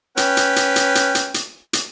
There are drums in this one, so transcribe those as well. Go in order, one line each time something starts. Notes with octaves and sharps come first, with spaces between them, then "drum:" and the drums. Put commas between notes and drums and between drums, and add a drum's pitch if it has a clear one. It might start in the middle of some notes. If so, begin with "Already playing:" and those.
C#4 B4 G5, drum: hi-hat
drum: hi-hat
drum: hi-hat
drum: hi-hat
drum: hi-hat
drum: hi-hat
drum: hi-hat
drum: hi-hat